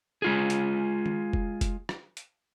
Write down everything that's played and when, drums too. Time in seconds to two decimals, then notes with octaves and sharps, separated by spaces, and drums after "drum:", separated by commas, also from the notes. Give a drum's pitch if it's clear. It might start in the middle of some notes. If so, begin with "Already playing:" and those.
0.22 G#3 F4 G#4
0.50 drum: hi-hat
1.06 drum: tom D#3
1.33 drum: kick F1
1.61 drum: kick F1, hi-hat
1.89 drum: rim click
2.17 drum: hi-hat